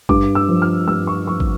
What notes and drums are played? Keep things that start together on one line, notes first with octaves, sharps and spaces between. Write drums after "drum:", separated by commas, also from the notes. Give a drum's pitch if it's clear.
G2 D6, drum: kick
E6
F3
F6
G2 E6
C#6
F3 C#6
drum: kick